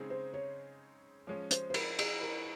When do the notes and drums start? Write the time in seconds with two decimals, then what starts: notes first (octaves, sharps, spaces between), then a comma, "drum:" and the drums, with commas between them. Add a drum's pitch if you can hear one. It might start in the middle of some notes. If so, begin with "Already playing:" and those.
Already playing: C#3 G#3 C4 D#4 G#4
0.10 C5
0.34 C#5
1.27 F3 G#3 C#4 C#5
1.51 C5, drum: hi-hat
1.70 C5
1.74 A#4, drum: cymbal
1.99 G#4, drum: cymbal
2.21 A#4